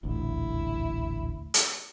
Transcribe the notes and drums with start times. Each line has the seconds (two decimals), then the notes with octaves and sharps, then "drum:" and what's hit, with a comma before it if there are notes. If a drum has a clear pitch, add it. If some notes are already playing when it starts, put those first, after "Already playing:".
0.03 D#1 A1 D2 E4
1.54 drum: hi-hat